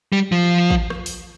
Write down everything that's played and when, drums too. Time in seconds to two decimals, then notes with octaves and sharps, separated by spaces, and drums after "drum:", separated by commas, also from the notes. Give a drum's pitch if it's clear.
0.12 G3
0.32 F3
0.70 drum: kick
0.90 drum: rim click
1.06 drum: open hi-hat